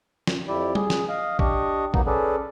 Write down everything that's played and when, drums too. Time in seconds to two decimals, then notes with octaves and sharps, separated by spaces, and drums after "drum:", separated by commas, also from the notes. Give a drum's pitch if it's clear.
0.27 drum: snare
0.48 F2 E4 G4 D5
0.75 G#4, drum: tom
0.90 drum: snare
1.09 D#5 F5
1.39 D4 G4 D#5 C#6, drum: kick
1.94 F#3 A#3 B3 D#4, drum: kick
2.07 C#4 G#4 A4 B4 D5